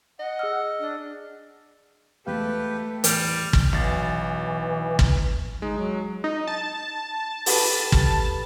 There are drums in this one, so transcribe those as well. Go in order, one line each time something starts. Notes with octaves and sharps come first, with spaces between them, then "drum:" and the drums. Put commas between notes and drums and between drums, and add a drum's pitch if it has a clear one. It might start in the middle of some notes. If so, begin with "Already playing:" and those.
D#5 F#5
G#4 E6 F6
D4
E2 G#3 A3 G4 B4 F5
E2 A2 E3 G3 F6, drum: hi-hat
drum: kick
B1 E3 A6
drum: kick
G#3 D#4
F#3
D#4
A5
B3 G4 A4, drum: open hi-hat
drum: kick